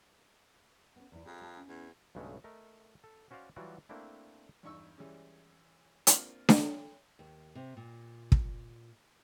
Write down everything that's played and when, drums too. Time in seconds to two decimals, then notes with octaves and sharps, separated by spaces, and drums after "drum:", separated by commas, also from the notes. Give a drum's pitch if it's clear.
0.96 B3 C#4
1.12 E2 E4
1.26 F2 G#4
1.41 G#4 A5
1.57 C#4
1.68 E2
2.15 B1 G2 C#3 G#3 A3
2.44 A3 A#4 D#5
3.04 A4
3.31 C#4 F#4 C5 D5 F5
3.56 E3 F#3 G3 F4 F#4 D5
3.89 A3 A#3 C4 D4 E4
4.63 E2 G2 D#4 C#6 E6
4.98 E3 G3 G#3 C#4
6.07 A#3 C4 D4 F4, drum: hi-hat
6.49 drum: snare D4
7.19 D#2
7.55 C3
7.77 A#2
8.32 drum: kick